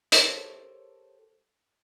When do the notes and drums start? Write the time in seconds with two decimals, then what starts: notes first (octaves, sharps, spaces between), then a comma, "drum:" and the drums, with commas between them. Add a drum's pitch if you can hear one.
0.12 G4 A4 A#4 C5 C#5, drum: hi-hat